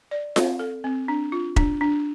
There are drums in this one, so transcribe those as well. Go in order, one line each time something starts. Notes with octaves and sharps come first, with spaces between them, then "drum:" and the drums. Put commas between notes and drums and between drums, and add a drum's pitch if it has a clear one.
D5
C4, drum: snare F4
A4
C4
D4
F4
D4, drum: kick E1
D4